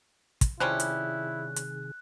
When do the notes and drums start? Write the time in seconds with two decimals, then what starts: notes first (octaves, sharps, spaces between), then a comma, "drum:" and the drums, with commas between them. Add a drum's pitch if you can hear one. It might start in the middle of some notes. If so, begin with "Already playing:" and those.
0.41 drum: kick, hi-hat
0.60 C3 D#3 F3 G3 C#4 E4 G#4 F#6
0.80 drum: hi-hat
1.56 drum: hi-hat